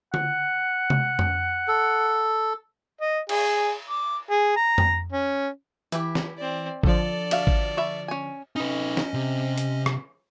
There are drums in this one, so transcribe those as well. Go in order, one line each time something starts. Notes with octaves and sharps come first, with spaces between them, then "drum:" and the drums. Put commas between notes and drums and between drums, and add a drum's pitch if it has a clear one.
F#5, drum: tom D3
drum: tom C3
drum: tom F2
A4
D#5
G#4, drum: cymbal
D6
G#4
A#5
drum: tom F2
C#4
E3 E4 G4, drum: hi-hat
drum: snare
C4 D5
D3 F3 A4 D5, drum: kick G#1
F#4 E5 F5, drum: cymbal
drum: kick G#1
C#5 E5 B5
C#4 G#5
C#4 D#4 B4 D#5
drum: snare
C3
drum: hi-hat
drum: rim click